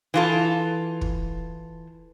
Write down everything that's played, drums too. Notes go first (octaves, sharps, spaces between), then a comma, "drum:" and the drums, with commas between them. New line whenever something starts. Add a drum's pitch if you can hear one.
E3 F4 A4
drum: kick